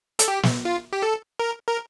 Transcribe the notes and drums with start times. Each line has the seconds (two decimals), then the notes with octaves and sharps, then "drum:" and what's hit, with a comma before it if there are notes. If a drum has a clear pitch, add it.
0.19 A4, drum: hi-hat
0.28 G4
0.43 drum: snare
0.65 F4
0.93 G4
1.03 A4
1.39 A#4
1.67 A#4